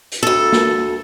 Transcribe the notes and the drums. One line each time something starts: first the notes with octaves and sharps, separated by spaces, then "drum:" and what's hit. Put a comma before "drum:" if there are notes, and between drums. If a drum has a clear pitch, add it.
drum: hi-hat
D2 A4
drum: snare